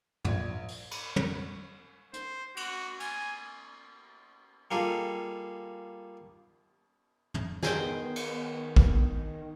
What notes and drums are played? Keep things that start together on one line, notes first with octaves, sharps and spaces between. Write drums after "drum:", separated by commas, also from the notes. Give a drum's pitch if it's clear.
A#1 G#6, drum: tom
drum: open hi-hat
drum: cymbal
drum: tom
C5, drum: hi-hat
F#4, drum: cymbal
G#5, drum: cymbal
G3 A#3 D#4 F4 G#4 A4
drum: tom
D#3 B3 G#4 C5 G5, drum: snare
drum: cymbal
drum: kick